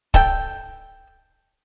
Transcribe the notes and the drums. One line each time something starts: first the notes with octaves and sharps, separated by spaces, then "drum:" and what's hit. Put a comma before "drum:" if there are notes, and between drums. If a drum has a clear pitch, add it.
A4 G5, drum: kick